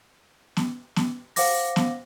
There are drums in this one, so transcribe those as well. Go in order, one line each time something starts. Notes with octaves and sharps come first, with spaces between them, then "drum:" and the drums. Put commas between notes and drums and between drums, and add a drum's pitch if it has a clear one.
drum: snare B3
drum: snare B3
C5 F5 F#5 D6 A#6, drum: open hi-hat
drum: snare B3